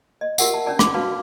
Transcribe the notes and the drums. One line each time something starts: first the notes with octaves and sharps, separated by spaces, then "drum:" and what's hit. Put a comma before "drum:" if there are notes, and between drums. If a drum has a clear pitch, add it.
D#5
F4 G4 A#4 E5 F#5, drum: tambourine
A5
C#4 D4 D5 A5
D6, drum: rim click
D4 F#4 B4 F5 A5